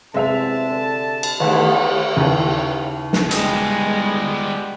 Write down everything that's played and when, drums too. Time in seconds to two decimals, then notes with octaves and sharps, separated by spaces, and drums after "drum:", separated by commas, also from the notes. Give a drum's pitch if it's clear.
0.14 E2 C3 G#3 E5 A5 F7
0.70 D3
1.23 drum: cymbal
1.40 D#3 E3 A3 B3, drum: cymbal
2.17 D#2 C#3 E4 B4
3.13 drum: snare
3.31 G3 G#3 B3, drum: hi-hat